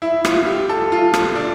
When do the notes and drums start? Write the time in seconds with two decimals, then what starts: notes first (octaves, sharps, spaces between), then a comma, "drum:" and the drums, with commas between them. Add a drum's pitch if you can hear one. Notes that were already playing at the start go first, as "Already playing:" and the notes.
0.02 E4
0.25 F4, drum: rim click
0.46 G4
0.69 A4
0.92 F4
1.14 drum: rim click
1.35 D4